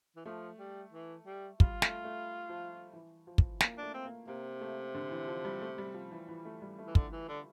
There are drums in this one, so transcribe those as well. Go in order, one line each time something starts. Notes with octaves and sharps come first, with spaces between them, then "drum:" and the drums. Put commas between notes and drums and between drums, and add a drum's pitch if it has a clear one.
E3
F3 A3
G3
E3
G3
G3 F4, drum: kick
A3, drum: snare
A3
F3
E3
F3
drum: kick
A#3, drum: snare
D4
A3
C4
A#3
C3 A#3
A3
D3
E3
F3
G3
A3
G3
F3
E3
E3
A3
G3
A3
E3
D3, drum: kick
E3
D3